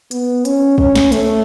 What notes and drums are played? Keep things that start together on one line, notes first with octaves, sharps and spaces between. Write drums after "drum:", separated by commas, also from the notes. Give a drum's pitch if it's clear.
B3, drum: hi-hat
C#4, drum: hi-hat
C#4, drum: kick
drum: snare
A3, drum: hi-hat